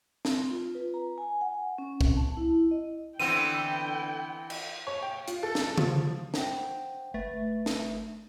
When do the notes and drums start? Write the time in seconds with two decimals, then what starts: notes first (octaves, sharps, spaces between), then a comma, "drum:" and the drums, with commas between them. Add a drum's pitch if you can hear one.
0.25 C4, drum: snare
0.51 F4
0.75 B4
0.94 A#5
1.18 G#5
1.41 F#5
1.78 C#4
2.01 C4, drum: kick C2
2.17 A5
2.37 E4
2.71 D#5
3.20 D3 E3 B3 C4 G5 D#7
4.50 drum: cymbal
4.87 C#5
5.02 G5
5.28 F4, drum: hi-hat
5.43 A4
5.55 drum: snare
5.78 F3, drum: tom C#3
6.34 C5 F#5 G5, drum: snare
7.14 G1 A3 B4 A6
7.66 drum: snare